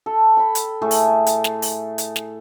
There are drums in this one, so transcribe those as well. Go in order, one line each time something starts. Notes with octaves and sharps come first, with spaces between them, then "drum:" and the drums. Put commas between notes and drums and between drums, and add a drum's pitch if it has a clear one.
A4
G5 B5
drum: hi-hat
A2 A3 G#4
drum: open hi-hat
drum: hi-hat
drum: snare
drum: open hi-hat
drum: hi-hat
drum: snare